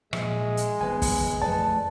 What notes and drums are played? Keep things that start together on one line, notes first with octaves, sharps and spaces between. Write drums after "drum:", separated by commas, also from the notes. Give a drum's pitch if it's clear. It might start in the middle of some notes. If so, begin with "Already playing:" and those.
A#2 F3 F#3 G#3 E5, drum: rim click
drum: hi-hat
F#1 D#3 B3 B4 G#5
drum: kick, open hi-hat
A1 F2 A3 B4 D5 A5